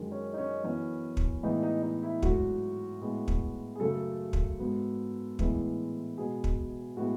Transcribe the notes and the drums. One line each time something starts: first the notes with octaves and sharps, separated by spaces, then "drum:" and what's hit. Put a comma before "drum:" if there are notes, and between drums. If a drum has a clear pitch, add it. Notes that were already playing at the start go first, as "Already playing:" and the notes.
Already playing: F#2 D#3 G#3
C#4
D#4
C#4
F#2 E3 B3 C#4
drum: kick
A2 E3 G#3 B3 D#4
D#4
D#4
E4
G#2 F#3 A3 F#4, drum: kick
A2 G#3 B3
drum: kick
G#4
F#2 C#3 F#3 A3 A4
drum: kick
G#2 F#3 B3
A2 E3 G#3 B3, drum: kick
B2 G#3 B3 G#4
drum: kick
A2 G#3 B3 F#4